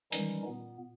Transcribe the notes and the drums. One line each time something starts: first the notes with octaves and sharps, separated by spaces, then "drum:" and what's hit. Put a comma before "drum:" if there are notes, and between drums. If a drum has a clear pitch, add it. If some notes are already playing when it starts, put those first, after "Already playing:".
D#3 E3 G3 G#3 C#4 D#4, drum: hi-hat
A#2 B3